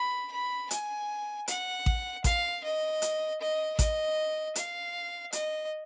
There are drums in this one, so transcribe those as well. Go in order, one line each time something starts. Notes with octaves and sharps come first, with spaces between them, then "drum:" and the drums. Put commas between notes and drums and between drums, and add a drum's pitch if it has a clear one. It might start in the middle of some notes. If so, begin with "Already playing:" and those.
Already playing: B5
B5
G#5, drum: hi-hat
F#5, drum: hi-hat
drum: kick A1
F5, drum: kick A1, hi-hat
D#5
drum: hi-hat
D#5
D#5, drum: kick A1, hi-hat
F5, drum: hi-hat
D#5, drum: hi-hat